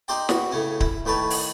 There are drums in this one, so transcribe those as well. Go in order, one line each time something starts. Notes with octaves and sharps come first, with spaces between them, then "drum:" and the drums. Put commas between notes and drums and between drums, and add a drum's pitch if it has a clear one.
D#4 G4 C5 D5 G5
E3 F#4, drum: snare
A2 C#3 C#4
E4, drum: kick D1
A2 D#3 B4 C#5 A5
drum: open hi-hat